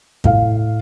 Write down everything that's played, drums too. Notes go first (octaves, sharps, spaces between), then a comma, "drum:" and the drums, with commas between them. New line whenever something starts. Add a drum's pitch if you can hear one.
A2 F5, drum: kick